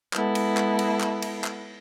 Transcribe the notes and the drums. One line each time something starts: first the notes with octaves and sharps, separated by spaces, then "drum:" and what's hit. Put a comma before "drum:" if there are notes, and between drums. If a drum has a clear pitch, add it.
G#3 B3 E4 A4, drum: clap
drum: cymbal
drum: clap
drum: cymbal
drum: clap
drum: cymbal
drum: clap